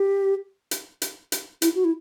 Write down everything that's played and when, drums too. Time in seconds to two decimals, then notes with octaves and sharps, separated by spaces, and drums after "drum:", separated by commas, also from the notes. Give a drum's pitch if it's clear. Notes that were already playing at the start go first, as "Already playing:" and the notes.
Already playing: G4
0.71 drum: hi-hat
1.02 drum: hi-hat
1.32 drum: hi-hat
1.62 E4, drum: hi-hat
1.75 F#4
1.85 E4